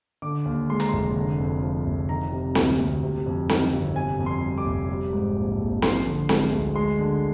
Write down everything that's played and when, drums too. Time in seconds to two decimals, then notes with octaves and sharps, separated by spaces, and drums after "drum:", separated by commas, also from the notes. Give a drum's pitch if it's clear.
0.22 D3 D6
0.45 D#2
0.69 G#3 C6
0.80 A#5, drum: hi-hat
0.89 F1 C6
1.16 D3
1.39 F2
1.62 F3
1.86 F1
2.09 D#3 A#5
2.32 C3
2.55 D2, drum: snare
2.79 D2
3.03 C3
3.26 F2
3.49 D#3, drum: snare
3.73 G1
3.95 C3 G#5
4.19 F2
4.26 C6
4.42 G3
4.58 D6
4.66 F1
4.89 G3
5.13 G#2
5.36 A#1
5.59 A#1
5.82 F3 C6, drum: snare
6.05 D3
6.29 G#3, drum: snare
6.52 D2
6.75 G#3 C6
6.99 D3